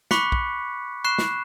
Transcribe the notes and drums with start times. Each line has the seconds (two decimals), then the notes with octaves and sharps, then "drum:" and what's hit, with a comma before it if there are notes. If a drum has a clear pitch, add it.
0.11 B5 C#6 D6 F#6 B6 C#7, drum: snare
0.32 drum: kick
1.04 B5 C#6 F#6 C7 E7
1.18 drum: snare